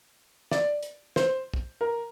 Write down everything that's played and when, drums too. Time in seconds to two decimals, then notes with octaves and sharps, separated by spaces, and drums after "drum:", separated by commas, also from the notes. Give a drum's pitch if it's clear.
0.51 D5, drum: snare
0.83 drum: hi-hat
1.16 C5, drum: snare
1.54 drum: kick
1.81 A#4